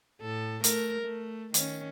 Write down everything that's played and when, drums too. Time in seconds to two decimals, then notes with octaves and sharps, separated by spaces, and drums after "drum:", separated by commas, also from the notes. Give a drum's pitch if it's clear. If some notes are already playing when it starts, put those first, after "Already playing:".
0.21 A2 A4
0.64 A3 A#4, drum: hi-hat
1.01 A3
1.54 D#3 C#4, drum: hi-hat